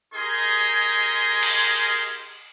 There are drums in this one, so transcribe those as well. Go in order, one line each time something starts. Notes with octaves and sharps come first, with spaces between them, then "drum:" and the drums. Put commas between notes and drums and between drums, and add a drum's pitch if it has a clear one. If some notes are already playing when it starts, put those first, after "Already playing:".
D#4 G4 G#4 A#4 G#5 C6
drum: cymbal